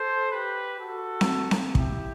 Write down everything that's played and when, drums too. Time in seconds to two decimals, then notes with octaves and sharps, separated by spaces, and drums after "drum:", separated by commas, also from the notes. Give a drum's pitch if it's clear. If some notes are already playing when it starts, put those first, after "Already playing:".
Already playing: A4 C5
0.31 G4 B4
0.79 F#4 A4
1.21 drum: snare C4
1.51 drum: snare C4
1.75 E4 G4, drum: kick